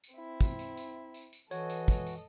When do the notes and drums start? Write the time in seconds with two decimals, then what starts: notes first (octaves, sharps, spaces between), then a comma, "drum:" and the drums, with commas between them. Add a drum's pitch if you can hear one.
0.04 drum: tambourine
0.14 C4 E4
0.41 drum: kick, tambourine
0.59 drum: tambourine
0.77 drum: tambourine
1.14 drum: tambourine
1.33 drum: tambourine
1.51 E3 F#4 A4 C#5 D#5, drum: tambourine
1.70 drum: tambourine
1.88 drum: kick, tambourine
2.07 drum: tambourine